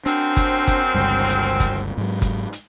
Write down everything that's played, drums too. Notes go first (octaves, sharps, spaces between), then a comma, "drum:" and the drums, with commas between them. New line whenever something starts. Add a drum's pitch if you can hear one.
F#2 C4 D4, drum: hi-hat
drum: kick G1, hi-hat
drum: kick G1, hi-hat
G1 C#2 G2
drum: hi-hat
drum: kick G1, hi-hat
G#2 F#3
drum: kick G1, hi-hat
drum: hi-hat